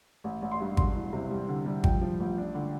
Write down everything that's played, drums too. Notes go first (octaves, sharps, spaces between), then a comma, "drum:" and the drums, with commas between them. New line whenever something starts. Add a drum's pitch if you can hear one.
A1
A1
C6
G2
E1 C6, drum: kick G#1
E3
C3
G3
D3
G3
F3 G5, drum: kick G#1
F3
A1
D4
D3